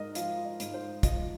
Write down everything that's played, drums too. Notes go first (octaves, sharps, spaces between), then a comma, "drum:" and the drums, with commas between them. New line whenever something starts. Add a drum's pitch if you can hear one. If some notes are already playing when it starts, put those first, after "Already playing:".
Already playing: G#2 A#4 D#5
F3 F5, drum: hi-hat
D#5
G#2, drum: hi-hat
C5
F3 D#5, drum: kick, hi-hat